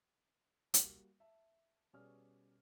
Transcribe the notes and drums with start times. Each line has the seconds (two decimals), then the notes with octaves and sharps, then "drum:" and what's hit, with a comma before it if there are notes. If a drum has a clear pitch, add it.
0.74 G3 A#3 F#4, drum: hi-hat
1.20 E5 A5
1.93 B2 G3 C#4 G#4 D5 F6